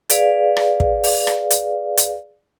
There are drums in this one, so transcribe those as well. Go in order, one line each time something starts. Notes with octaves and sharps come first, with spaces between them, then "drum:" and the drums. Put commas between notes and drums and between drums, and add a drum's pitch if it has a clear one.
G#4 B4 D5 F5, drum: hi-hat
drum: rim click
drum: kick
drum: open hi-hat
drum: rim click
drum: hi-hat
drum: hi-hat